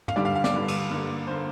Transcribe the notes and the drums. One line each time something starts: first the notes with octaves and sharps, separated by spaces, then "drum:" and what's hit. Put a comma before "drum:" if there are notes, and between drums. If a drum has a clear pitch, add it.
F5, drum: tom
G2 D3 G3 D5
F5
F5
D5, drum: snare
G2 D3 G3
drum: cymbal
G2 D3 A#3
D3 A#3 C5